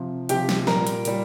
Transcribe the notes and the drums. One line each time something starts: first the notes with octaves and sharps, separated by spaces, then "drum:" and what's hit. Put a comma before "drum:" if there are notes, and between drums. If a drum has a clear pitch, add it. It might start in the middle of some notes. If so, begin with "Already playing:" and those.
Already playing: C3 F3
C3 F3 G4 G5, drum: hi-hat
drum: snare
A#2 G3 A#4 A#5, drum: snare
drum: hi-hat
A#2 G3, drum: hi-hat